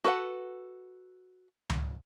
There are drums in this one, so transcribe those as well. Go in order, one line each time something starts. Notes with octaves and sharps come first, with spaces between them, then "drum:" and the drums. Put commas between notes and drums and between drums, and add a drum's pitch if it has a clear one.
F#4 A4 B4 D#5 F#5
drum: tom C#2